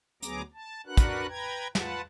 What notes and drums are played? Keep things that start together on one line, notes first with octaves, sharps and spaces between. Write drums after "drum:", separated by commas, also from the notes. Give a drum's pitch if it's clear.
D2 F#3 B3 G#4 A#5 D6, drum: hi-hat
A5
D4 F#4 A#4 B4 F#5 F#6
drum: kick, hi-hat
B4 G5 A#5 G#6
F4 B4 F#5 A5, drum: snare